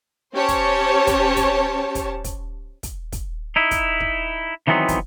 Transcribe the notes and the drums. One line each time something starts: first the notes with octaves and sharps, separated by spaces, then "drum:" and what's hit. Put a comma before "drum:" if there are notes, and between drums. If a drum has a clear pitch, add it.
C#4 G4 C5 C#5 A5
drum: kick, hi-hat
drum: kick, hi-hat
drum: kick, hi-hat
drum: kick, hi-hat
drum: kick, hi-hat
drum: kick, hi-hat
drum: kick, hi-hat
D#4 E4
drum: kick, hi-hat
drum: kick
D#3 E3 F#3 B3 C4 D#4
drum: kick, hi-hat